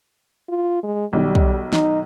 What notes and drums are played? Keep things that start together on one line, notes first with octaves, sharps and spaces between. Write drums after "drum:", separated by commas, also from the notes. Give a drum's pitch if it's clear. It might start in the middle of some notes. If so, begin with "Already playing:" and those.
F4
G#3
B1 D#3 G3
drum: kick
D#4, drum: snare